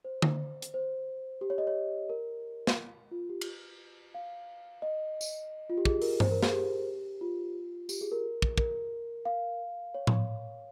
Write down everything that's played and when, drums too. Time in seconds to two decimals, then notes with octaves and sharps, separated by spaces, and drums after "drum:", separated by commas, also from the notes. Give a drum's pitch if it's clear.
0.05 C5
0.22 drum: tom D3
0.62 drum: hi-hat
0.74 C5
1.41 G4
1.50 C#5
1.58 D#5
1.67 C#5
2.09 A#4
2.67 drum: snare
3.11 F4
3.29 G4
3.41 drum: cymbal
4.14 F5
4.82 D#5
5.21 drum: tambourine
5.70 F4
5.77 G4
5.85 G#4, drum: kick
6.02 A#4, drum: open hi-hat
6.20 C5, drum: tom G2
6.31 A#4
6.43 G#4, drum: snare
6.53 G4
7.21 F4
7.89 G4, drum: tambourine
8.01 G#4
8.12 A#4
8.42 drum: kick
8.58 A#4, drum: kick
9.25 F5
9.94 C#5
10.07 drum: tom A2